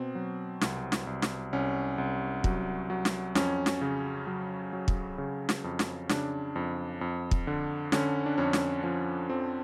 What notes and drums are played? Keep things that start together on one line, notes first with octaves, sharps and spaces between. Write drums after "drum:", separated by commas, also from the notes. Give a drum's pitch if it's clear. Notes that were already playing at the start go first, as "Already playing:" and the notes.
Already playing: B2 C4
F#3
C2, drum: snare
drum: snare
C2
drum: snare
C2 C#4
C2
F#3, drum: kick
F#3
drum: snare
F2 C#4, drum: snare
drum: snare
C#3
F#3
F#3
drum: kick
C#3
drum: snare
F2
drum: snare
C#3 D4, drum: snare
F2
F2
drum: kick
D3
D3 C#4, drum: snare
D4
F2 C#4
drum: snare
F3 C#4
F2 C4